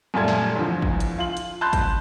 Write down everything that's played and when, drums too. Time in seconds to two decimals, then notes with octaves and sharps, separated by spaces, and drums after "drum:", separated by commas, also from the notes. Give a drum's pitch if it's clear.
0.14 F#2 A#2 G3 A3 A5 G#6
0.28 drum: snare
0.56 E2 A2 D3 F3
0.82 drum: kick
1.00 drum: hi-hat
1.19 F4 F#7
1.37 drum: hi-hat
1.61 A5 B5 C6 F#6 G6
1.73 drum: kick, hi-hat